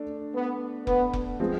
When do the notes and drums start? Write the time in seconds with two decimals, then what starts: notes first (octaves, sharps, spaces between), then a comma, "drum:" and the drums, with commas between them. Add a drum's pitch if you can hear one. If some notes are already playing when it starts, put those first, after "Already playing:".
Already playing: A3 D4
0.34 B3
0.87 B3, drum: kick F1
1.13 drum: kick F1
1.40 F3 G#3 C4